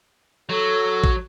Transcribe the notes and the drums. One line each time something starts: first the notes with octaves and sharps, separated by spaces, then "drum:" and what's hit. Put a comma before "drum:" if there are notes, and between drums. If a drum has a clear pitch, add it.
F#3 A4
drum: kick A1